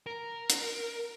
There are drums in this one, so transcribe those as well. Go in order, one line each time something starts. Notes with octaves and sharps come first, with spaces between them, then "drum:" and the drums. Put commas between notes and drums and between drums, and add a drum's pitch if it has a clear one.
A#4
drum: hi-hat